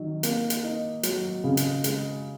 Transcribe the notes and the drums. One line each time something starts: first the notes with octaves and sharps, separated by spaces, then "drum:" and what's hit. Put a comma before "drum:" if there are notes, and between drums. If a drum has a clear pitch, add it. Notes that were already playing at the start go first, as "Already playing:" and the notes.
Already playing: D#3 F#3
A#3, drum: hi-hat
drum: hi-hat
D#4
F#3, drum: hi-hat
C#3
drum: hi-hat
G#3, drum: hi-hat